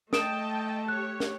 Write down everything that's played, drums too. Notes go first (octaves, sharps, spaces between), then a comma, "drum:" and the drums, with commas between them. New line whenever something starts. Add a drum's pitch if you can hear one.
A3 D#5 G5 A5 D#6 D7 E7, drum: snare
G4 C#5 F#6
drum: snare